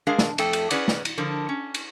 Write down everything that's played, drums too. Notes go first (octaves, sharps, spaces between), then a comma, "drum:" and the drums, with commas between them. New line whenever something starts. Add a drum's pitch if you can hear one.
G#3 D4 G#4 A#4 F5
drum: snare
F2 A3 A4 G5, drum: cymbal
drum: cymbal
C#4 G#4 B4 D5 F#5, drum: cymbal
drum: snare
drum: cymbal
D3 F3 A#4
C#4
drum: cymbal